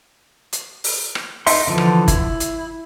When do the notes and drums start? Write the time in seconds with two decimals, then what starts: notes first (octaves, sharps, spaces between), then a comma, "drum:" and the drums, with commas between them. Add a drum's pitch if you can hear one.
0.53 drum: hi-hat
0.84 drum: open hi-hat
1.15 drum: rim click
1.47 D#4 E4 E5 C6, drum: open hi-hat
1.67 D3 E3 F3
1.78 drum: rim click
2.08 E4, drum: kick G1, hi-hat
2.40 drum: hi-hat